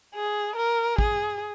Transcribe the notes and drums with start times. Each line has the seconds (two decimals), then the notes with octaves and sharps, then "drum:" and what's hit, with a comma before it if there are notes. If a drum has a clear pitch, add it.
0.15 G#4
0.56 A#4
0.98 G#4, drum: kick